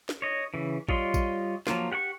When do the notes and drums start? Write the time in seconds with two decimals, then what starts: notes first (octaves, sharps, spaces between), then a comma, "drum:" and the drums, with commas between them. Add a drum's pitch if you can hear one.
0.09 drum: snare
0.22 C#5 D#5
0.54 C#3 E3
0.89 G3 F4 C#5 D#5 C6, drum: kick A#1
1.14 drum: kick A#1, tambourine
1.67 F3 F#3 A#3 F4, drum: snare
1.91 G4 F#5 G5 C#6